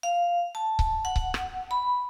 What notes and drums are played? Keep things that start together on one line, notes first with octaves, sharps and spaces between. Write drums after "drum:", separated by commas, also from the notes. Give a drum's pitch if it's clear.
F5
A5
drum: kick C#1
F#5
drum: kick C#1
drum: rim click
B5